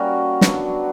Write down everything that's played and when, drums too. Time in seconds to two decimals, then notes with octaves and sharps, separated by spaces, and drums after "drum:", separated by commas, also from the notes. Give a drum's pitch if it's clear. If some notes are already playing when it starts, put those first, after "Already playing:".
Already playing: G3 A#3 C#4 F#4 A#4
0.41 D3 F#3 B3 D4, drum: snare